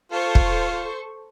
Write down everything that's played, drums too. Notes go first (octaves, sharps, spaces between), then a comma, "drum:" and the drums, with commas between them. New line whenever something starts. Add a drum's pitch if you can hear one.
F4 A4 C5 C#6
drum: kick